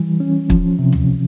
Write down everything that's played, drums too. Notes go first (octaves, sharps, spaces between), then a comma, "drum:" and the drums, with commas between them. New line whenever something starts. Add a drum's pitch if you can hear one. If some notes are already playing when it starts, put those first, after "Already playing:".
Already playing: E3 G3
C#4
F3, drum: kick
C3
drum: tom